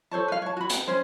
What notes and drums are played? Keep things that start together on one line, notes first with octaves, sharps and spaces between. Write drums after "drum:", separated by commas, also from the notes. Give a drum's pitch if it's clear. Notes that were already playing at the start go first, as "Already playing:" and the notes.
A4 C5 C#5 A5
B4 F5
C#5 A5
F#4 B5
G5, drum: hi-hat
C#4 C5